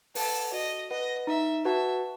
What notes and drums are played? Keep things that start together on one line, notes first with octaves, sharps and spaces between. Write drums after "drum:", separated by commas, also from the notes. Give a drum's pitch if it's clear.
A4 B4 F#5, drum: open hi-hat
F#4 D#5
B4 D#5 F#5
D#4 E5
F#4 B4 E5 F#5 A5